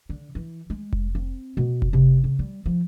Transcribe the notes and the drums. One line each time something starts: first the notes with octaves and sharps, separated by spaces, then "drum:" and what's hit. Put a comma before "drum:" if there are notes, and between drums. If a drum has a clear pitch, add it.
D3
E3
G#3
drum: kick F1
C4
B2
drum: kick F1
C3
C#3
G3
F3